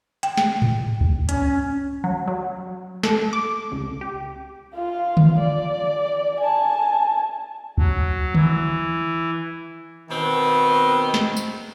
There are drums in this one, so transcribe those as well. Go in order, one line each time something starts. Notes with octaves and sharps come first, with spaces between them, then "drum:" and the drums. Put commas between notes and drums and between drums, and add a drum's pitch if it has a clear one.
G5, drum: hi-hat
drum: snare
drum: tom G#2
drum: kick C#2
C#4, drum: hi-hat
F#3
F#3
A4, drum: snare
D6
C#2
G4
F4 F5
drum: tom D3
D5
G#5 A5
F#3, drum: kick C#2
E3, drum: tom D3
B2 D#3 B3 C4
drum: snare
drum: tambourine